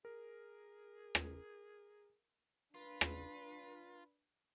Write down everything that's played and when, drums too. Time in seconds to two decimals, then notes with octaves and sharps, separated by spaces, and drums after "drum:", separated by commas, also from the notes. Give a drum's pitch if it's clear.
0.05 G#4 A#4
1.15 drum: rim click
2.75 D4 F4 B4
3.01 drum: rim click